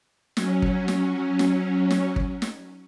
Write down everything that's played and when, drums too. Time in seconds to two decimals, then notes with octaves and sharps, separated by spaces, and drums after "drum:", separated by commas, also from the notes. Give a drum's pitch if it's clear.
0.37 F#3 C#4, drum: snare
0.62 drum: kick
0.88 drum: snare
1.39 drum: snare
1.90 drum: snare
2.16 drum: kick
2.42 drum: snare